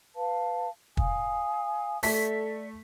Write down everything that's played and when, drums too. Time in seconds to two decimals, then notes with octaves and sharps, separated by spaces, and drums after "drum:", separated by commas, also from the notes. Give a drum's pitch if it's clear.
0.15 B4 F5 A5
0.97 F5 G#5 D#6, drum: kick
2.03 A3 A4 D5 B6, drum: open hi-hat